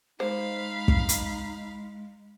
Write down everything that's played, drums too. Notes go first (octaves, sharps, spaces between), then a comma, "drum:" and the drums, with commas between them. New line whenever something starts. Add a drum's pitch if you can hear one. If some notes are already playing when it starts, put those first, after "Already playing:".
G#3 D#4 C5 F5 B5
drum: kick
drum: hi-hat